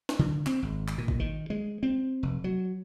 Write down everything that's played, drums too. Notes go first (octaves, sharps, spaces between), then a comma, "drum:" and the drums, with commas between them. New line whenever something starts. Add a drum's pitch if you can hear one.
drum: snare
D3
C4, drum: clap
G#1
drum: clap
A#2
drum: kick
D#3
G#3
C4
F1
F#3